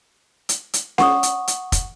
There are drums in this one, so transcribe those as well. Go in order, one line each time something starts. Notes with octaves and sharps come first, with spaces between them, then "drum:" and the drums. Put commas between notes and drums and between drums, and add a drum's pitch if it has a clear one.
drum: hi-hat
drum: hi-hat
F#5 C#6 D#6, drum: snare C#4
drum: hi-hat
drum: hi-hat
drum: kick F1, hi-hat